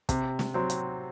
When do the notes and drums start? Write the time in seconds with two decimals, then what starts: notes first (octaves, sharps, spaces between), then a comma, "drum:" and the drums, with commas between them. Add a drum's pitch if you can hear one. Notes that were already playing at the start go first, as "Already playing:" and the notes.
0.09 C3, drum: kick, hi-hat
0.39 drum: snare
0.54 F#3 C4
0.70 drum: hi-hat